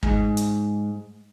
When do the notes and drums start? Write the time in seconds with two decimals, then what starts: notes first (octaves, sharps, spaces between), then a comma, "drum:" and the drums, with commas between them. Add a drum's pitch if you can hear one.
0.03 G#2, drum: kick
0.37 drum: hi-hat